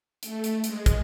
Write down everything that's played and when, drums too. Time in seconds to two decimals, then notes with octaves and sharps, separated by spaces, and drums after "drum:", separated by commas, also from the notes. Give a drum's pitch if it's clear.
0.23 A3, drum: hi-hat
0.44 drum: hi-hat
0.64 G#3, drum: hi-hat
0.86 drum: kick, hi-hat